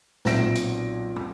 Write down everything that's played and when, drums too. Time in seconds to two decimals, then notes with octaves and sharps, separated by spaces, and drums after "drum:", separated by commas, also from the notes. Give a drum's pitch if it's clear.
0.25 B1 A#2 C4 A#6 D7, drum: snare
0.55 drum: hi-hat
1.16 drum: tom